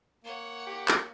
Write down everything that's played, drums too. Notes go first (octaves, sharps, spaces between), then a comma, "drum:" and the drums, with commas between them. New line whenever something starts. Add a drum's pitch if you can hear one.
A#3 C#5 F#5
G4
drum: clap